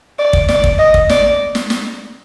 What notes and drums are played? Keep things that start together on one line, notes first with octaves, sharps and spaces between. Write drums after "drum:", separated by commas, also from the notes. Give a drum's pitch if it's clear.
D5
drum: kick
D5, drum: snare
drum: kick
D#5
drum: kick
D5, drum: snare
drum: snare
drum: snare